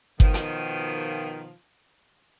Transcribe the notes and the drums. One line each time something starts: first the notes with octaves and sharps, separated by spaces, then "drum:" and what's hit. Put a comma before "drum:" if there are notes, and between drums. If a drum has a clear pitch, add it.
B2 D#3 F3, drum: kick G1
drum: hi-hat